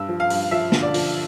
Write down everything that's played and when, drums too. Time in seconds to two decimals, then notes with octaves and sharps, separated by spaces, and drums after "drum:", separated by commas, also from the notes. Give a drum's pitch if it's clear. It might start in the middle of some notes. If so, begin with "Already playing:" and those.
Already playing: G2 E6
0.09 F3
0.20 F5
0.30 G2, drum: open hi-hat
0.51 F3 E5
0.72 D3, drum: snare
0.82 D5
0.94 F3, drum: open hi-hat